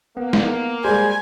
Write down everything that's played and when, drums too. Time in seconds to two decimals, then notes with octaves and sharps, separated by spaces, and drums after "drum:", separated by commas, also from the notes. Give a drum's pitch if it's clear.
0.17 A#3 B3
0.33 drum: snare
0.84 G3 G#3 C5 G#5